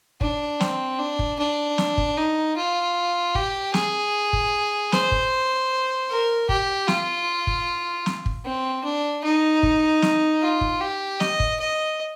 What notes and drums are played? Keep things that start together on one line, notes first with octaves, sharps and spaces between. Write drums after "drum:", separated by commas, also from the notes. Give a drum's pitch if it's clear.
D4, drum: kick
C4, drum: snare
D4
drum: kick
D4
drum: snare
drum: kick
D#4
F4
G4, drum: kick
G#4, drum: snare
drum: kick
C5, drum: snare
drum: kick
A#4
G4, drum: kick
F4, drum: snare
drum: kick
drum: snare
drum: kick
C4
D4
D#4
drum: kick
drum: snare
F4
drum: kick
G4
D#5, drum: snare
drum: kick
D#5